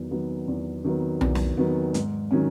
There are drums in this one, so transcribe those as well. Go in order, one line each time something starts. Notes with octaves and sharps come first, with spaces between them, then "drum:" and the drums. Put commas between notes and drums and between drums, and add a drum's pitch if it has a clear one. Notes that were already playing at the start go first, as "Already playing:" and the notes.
Already playing: E2 D#3 F#3 B3
D#3 F#3 B3
E2
D#3 F#3 B3
E2, drum: tom B1
drum: snare
D#3 F#3 B3
G#2, drum: hi-hat
D#3 F#3 C#4